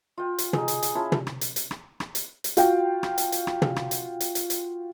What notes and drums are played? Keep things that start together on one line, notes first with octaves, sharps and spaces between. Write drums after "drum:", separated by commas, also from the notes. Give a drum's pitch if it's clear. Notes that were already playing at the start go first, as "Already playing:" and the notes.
F4 G5
drum: hi-hat
D#4 G#4, drum: tom
drum: hi-hat
drum: hi-hat
C#4 E4 F4 A5
drum: tom
drum: rim click
drum: hi-hat
drum: hi-hat
drum: rim click
drum: rim click
drum: hi-hat
drum: hi-hat
F4 F#4 F5 G5, drum: hi-hat
drum: rim click
drum: hi-hat
drum: hi-hat
drum: rim click
drum: tom
drum: rim click
drum: hi-hat
drum: hi-hat
drum: hi-hat
drum: hi-hat